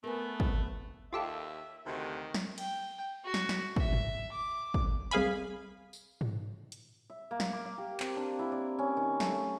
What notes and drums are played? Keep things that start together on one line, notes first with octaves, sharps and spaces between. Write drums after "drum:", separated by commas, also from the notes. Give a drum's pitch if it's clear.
A3 B3 A#4 G#5
drum: kick
D#2 F4 G4 A4 E5
D2 C3 D#3
drum: snare
G5, drum: cymbal
F#4
drum: snare
drum: snare
E5, drum: kick
drum: tom G#2
D6
drum: kick
C2 G#4 F5 G#5 B5
drum: tambourine
drum: tom G#2
drum: hi-hat
E5
A#3
drum: snare
D6
F5
G4
C4, drum: clap
D4
E4
D5
C#4
D#3
A3, drum: snare